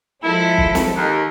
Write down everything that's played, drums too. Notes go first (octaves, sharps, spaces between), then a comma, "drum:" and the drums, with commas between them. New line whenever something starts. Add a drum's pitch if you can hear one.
F3 G#3 E4 A4
drum: kick
drum: snare
D#2 D#3